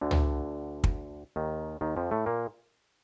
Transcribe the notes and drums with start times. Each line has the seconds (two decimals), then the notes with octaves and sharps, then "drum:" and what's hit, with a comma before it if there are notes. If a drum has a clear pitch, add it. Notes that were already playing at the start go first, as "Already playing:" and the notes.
0.01 D2 D3
0.11 drum: tom
0.84 drum: kick
1.36 D#2 D#3
1.81 D#2 D#3
1.97 F2 F3
2.11 A2 A3
2.26 A#2 A#3